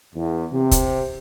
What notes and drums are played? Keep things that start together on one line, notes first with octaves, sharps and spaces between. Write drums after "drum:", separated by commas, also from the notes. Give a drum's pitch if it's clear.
E2
C3
drum: kick, hi-hat